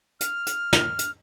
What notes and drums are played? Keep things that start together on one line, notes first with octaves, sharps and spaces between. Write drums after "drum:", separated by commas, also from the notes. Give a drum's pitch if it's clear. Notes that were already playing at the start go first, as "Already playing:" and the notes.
F6, drum: hi-hat
drum: hi-hat
drum: snare
drum: hi-hat